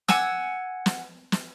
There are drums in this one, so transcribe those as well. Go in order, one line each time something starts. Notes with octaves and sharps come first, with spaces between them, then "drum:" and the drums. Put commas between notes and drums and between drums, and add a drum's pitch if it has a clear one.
F#5 G#5 E6, drum: snare
drum: snare
drum: snare